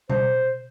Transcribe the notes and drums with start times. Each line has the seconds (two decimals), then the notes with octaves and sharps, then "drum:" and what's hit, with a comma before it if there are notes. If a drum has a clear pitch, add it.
0.10 C5, drum: tom B2